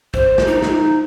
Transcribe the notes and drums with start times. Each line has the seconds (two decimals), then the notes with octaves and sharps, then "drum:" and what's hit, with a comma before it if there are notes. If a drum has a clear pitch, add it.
0.14 C5, drum: kick
0.38 drum: snare
0.47 D#4
0.62 drum: snare